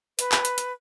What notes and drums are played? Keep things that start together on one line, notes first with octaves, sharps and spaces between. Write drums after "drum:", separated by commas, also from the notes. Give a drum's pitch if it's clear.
B4, drum: hi-hat
drum: clap
drum: hi-hat
drum: hi-hat